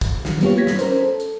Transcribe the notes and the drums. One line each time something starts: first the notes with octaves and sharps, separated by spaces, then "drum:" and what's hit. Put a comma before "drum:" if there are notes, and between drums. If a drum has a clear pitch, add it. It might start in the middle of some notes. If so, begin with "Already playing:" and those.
drum: kick, hi-hat
D#3 E3 F#3, drum: snare
G3 A#3 B3 F4 G4 C#5, drum: hi-hat
G#6 A#6 B6
drum: snare
C#4 A#4 C5, drum: hi-hat
A4
drum: hi-hat